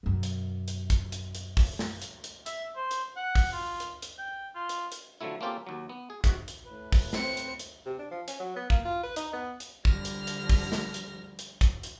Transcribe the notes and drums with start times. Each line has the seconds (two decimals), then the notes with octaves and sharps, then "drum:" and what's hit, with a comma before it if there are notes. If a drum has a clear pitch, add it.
0.03 F#2 B2
0.23 drum: hi-hat
0.68 drum: hi-hat
0.90 drum: kick, hi-hat
1.12 drum: hi-hat
1.35 drum: hi-hat
1.57 drum: kick, open hi-hat
1.79 drum: snare
2.02 drum: hi-hat
2.24 drum: hi-hat
2.46 E5, drum: hi-hat
2.76 C5
2.91 drum: hi-hat
3.17 F#5
3.35 drum: kick, open hi-hat
3.53 F4
3.80 drum: hi-hat
4.02 drum: hi-hat
4.19 G5
4.55 F4
4.69 drum: hi-hat
4.92 drum: hi-hat
5.21 D3 F3 F#3 A3 E4
5.41 A#3 C4 C#4 F4 G4 A4
5.67 D#2 F#3
5.89 B3
6.10 G#4
6.24 G#2 C3 F#4, drum: kick, hi-hat
6.48 drum: hi-hat
6.66 A2 B4
6.92 drum: kick, open hi-hat
7.13 C4 C5 C#7, drum: snare
7.37 drum: hi-hat
7.59 drum: hi-hat
7.86 C3
7.99 D4
8.11 F3
8.28 C#4, drum: hi-hat
8.40 F#3
8.56 B3
8.70 A#3, drum: kick
8.85 F4
9.03 B4
9.16 D#4, drum: hi-hat
9.33 B3
9.60 drum: hi-hat
9.85 D3 F3 G3 F6 A#6, drum: kick
10.05 drum: hi-hat
10.27 drum: hi-hat
10.50 drum: kick, open hi-hat
10.72 drum: snare
10.94 drum: hi-hat
11.39 drum: hi-hat
11.61 drum: kick, hi-hat
11.83 drum: hi-hat